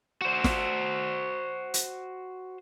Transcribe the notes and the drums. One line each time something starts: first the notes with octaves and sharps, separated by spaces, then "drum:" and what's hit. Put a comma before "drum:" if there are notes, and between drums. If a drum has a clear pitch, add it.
F#4 C5
drum: snare
drum: hi-hat